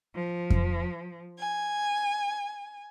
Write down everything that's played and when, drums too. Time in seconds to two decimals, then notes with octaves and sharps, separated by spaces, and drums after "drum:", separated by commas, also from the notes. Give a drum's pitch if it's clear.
0.16 F3
0.50 drum: kick F2
1.39 G#5